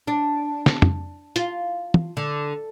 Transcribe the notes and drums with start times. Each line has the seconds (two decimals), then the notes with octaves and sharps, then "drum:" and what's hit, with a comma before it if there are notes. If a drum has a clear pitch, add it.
0.07 D4
0.66 drum: snare
0.82 drum: tom
1.36 F4, drum: hi-hat
1.94 drum: tom
2.17 D3